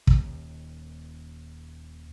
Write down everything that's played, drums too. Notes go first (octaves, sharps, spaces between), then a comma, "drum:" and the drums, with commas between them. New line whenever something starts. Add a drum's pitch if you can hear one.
D#1 D#2, drum: kick